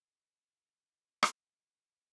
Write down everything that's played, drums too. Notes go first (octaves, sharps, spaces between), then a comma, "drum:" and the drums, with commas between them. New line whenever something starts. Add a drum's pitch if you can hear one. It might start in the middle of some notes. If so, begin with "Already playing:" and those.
G2 F3 B3 D5 F5
drum: rim click
D#5 G5